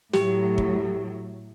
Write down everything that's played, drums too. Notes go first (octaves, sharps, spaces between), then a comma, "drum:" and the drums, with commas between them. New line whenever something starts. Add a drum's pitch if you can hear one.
A2 F#3 G4, drum: snare
drum: kick